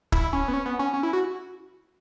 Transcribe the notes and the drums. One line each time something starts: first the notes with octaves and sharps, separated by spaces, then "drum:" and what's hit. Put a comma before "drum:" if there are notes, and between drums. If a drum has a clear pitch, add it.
E4, drum: kick
C#4
B3
C#4
B3
C#4
C#4
E4
F#4